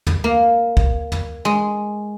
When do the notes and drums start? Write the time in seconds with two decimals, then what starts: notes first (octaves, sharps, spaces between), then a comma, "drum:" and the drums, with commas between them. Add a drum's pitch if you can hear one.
0.07 drum: tom
0.24 A#3
0.77 drum: kick
1.12 drum: tom
1.45 G#3